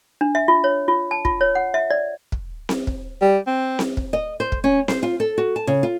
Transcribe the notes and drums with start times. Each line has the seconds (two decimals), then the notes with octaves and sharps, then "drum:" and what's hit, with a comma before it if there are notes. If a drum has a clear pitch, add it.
0.21 D4
0.35 E5
0.48 F4
0.64 C#5
0.88 F4
1.11 A5
1.25 F4, drum: kick
1.41 C#5
1.55 F#5
1.74 E5
1.91 D5
2.32 drum: kick
2.69 drum: snare C4
2.87 drum: kick
3.22 G3
3.47 C4
3.79 drum: snare C4
3.97 drum: kick
4.13 D#5
4.40 C5
4.52 drum: kick
4.64 C#4
4.88 C5, drum: snare C4
5.03 F4
5.20 A4
5.38 F#4
5.56 A5
5.67 C#3
5.83 F4